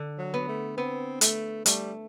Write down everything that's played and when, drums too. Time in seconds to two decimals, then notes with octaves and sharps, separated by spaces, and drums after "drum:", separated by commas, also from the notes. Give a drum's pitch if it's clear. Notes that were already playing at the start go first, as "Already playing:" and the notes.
Already playing: D3
0.18 F#3
0.34 B3
0.48 A3
0.77 B3 C4
1.21 A3, drum: hi-hat
1.66 G3 A3, drum: hi-hat